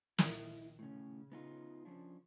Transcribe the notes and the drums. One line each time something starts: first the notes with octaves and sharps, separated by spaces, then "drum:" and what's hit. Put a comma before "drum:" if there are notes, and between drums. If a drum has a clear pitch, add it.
A#1 D#3 E4, drum: snare
A2 C#3 C#4
B3 D#4 F4
F3 C#4 D4